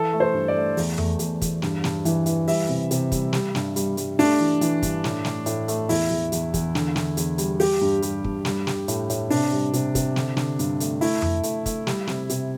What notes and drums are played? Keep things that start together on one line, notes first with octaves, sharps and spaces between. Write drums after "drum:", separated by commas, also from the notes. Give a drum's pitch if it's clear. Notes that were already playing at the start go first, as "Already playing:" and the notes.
Already playing: E3 A4
A3
C5
G2
D5
A3
E2, drum: open hi-hat
A3, drum: tom F2
E2, drum: hi-hat
E2, drum: kick, hi-hat
G2, drum: snare
G2, drum: snare
E3, drum: hi-hat
E3, drum: hi-hat
G3 E5, drum: open hi-hat
C3
C3, drum: hi-hat
G3, drum: kick, hi-hat
G3, drum: snare
G2, drum: snare
G3, drum: hi-hat
G3, drum: hi-hat
A3 D4, drum: open hi-hat
E3
E3, drum: hi-hat
G2, drum: kick, hi-hat
A2, drum: snare
A3, drum: snare
A2, drum: hi-hat
A3, drum: hi-hat
E2 E4, drum: open hi-hat
E2
E2, drum: hi-hat
E2, drum: kick, hi-hat
D3, drum: snare
D3, drum: snare
E2, drum: hi-hat
G3, drum: hi-hat
G3 G4, drum: open hi-hat
G2
G3, drum: hi-hat
G2, drum: kick
G3, drum: snare
G3, drum: snare
A2, drum: hi-hat
A2, drum: hi-hat
C3 D4, drum: open hi-hat
G3
C3, drum: hi-hat
C3, drum: kick, hi-hat
D3, drum: snare
D3, drum: snare
G2, drum: hi-hat
A3, drum: hi-hat
A3 E4, drum: open hi-hat
A3, drum: tom F2
A3, drum: hi-hat
A3, drum: kick, hi-hat
G3, drum: snare
C3, drum: snare
C3, drum: hi-hat